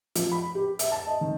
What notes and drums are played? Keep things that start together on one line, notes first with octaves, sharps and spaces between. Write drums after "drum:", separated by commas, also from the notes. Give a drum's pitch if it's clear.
F3, drum: hi-hat
B5
G4
E5, drum: hi-hat
A5
D#5
D#3